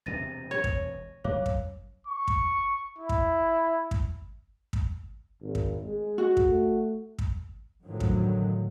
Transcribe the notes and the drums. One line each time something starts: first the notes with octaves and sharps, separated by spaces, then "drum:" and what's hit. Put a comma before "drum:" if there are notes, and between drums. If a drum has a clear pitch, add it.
E1 C3 C4 A6 A#6 D#7
C#5
drum: kick
F#2 C#5 F5 D6
drum: kick
C#6
drum: kick
E4
drum: kick
drum: kick
drum: kick
G#1
drum: kick
G#3
F#4
drum: kick
A3
drum: kick
F#2 A2 D3 D#3 F3 F#3
drum: kick